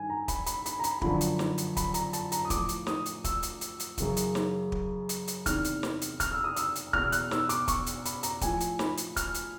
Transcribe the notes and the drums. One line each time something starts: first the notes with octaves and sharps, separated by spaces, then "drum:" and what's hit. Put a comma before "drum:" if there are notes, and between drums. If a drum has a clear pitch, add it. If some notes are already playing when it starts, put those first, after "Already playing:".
Already playing: G2 D#3 G#5
A#5
B5, drum: kick, hi-hat
B5, drum: hi-hat
B5, drum: hi-hat
A#5
B5, drum: hi-hat
F#2 D3 F3 B5, drum: kick
drum: hi-hat
drum: snare
drum: hi-hat
B5, drum: kick, hi-hat
A#5, drum: hi-hat
A5, drum: hi-hat
A#5, drum: hi-hat
D#6
A2 F3 D6, drum: kick, hi-hat
drum: hi-hat
D#6, drum: snare
drum: hi-hat
E6, drum: kick, hi-hat
drum: hi-hat
drum: hi-hat
drum: hi-hat
F#2 C#3 E3, drum: kick, hi-hat
drum: hi-hat
drum: snare
drum: kick
drum: hi-hat
drum: hi-hat
E2 C3 D#3 F6, drum: kick, hi-hat
drum: hi-hat
drum: snare
drum: hi-hat
F6, drum: kick, hi-hat
E6
D#6
E6, drum: hi-hat
drum: hi-hat
E2 B2 F6, drum: kick
F#6, drum: hi-hat
E6, drum: snare
D6, drum: hi-hat
C#6, drum: kick, hi-hat
drum: hi-hat
B5, drum: hi-hat
A#5, drum: hi-hat
A2 F3 G#5, drum: kick, hi-hat
drum: hi-hat
B5, drum: snare
drum: hi-hat
F6, drum: kick, hi-hat
drum: hi-hat